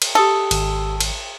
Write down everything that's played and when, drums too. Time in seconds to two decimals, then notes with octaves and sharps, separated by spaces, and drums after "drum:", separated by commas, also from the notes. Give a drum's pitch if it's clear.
0.02 drum: cymbal
0.15 G4 A4 D#6 E6
0.51 G#1, drum: cymbal
1.00 drum: cymbal